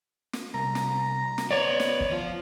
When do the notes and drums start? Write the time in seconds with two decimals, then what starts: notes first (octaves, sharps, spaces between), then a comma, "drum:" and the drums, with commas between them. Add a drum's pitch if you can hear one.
0.33 drum: snare
0.54 C2 A#5
0.75 drum: snare
1.38 drum: snare
1.51 B3 C#5 D5
1.80 drum: snare
2.00 drum: kick
2.12 F3 F4